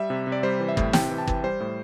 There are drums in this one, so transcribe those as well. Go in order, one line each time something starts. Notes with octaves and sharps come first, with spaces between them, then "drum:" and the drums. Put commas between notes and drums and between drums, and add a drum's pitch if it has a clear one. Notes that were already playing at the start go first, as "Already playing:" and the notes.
Already playing: G3 E5
C3
C3
D5
G3 C5
E3
E5
A2, drum: kick
C3 G5, drum: snare
E3
A5
E3, drum: kick
G3 C5
A2